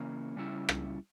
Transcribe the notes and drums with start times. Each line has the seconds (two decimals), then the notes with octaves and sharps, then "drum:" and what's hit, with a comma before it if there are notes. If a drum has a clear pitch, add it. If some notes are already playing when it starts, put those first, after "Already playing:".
Already playing: C#3 E3 A#3 C#4
0.36 C#3 G3 C#4 E4
0.69 drum: rim click